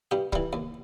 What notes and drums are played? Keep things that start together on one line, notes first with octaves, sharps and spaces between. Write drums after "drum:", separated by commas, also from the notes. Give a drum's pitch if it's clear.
G2 G4
E3 G3, drum: kick
D#2